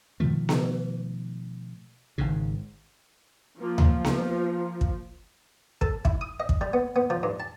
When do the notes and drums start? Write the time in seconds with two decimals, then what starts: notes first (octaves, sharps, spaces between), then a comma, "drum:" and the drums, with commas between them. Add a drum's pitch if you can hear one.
0.20 B2 D#3 F3 A3
0.49 drum: snare B3
2.18 G#1 G#2 C#3
3.60 F3 A#3 F4
3.78 drum: tom D2
4.04 drum: snare B3
4.81 drum: kick
5.81 A4, drum: kick
6.05 E4, drum: kick
6.21 D#6
6.40 D#5
6.49 drum: kick
6.61 G3
6.73 B3
6.96 B3
7.10 F3
7.23 G2
7.40 A5